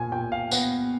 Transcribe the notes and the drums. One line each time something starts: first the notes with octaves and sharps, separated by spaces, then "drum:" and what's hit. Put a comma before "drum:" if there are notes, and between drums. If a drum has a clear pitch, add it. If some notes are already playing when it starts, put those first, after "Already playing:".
Already playing: A#2 G#5
A#2 G5
F5
B3 F#5, drum: tambourine